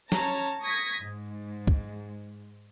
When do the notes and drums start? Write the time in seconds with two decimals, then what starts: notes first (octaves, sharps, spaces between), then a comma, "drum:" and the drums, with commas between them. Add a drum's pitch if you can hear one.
0.12 C#4 C#5 A5 A#5, drum: snare
0.61 C#6 D#6 G#6 A#6 B6
1.01 G#2
1.67 drum: kick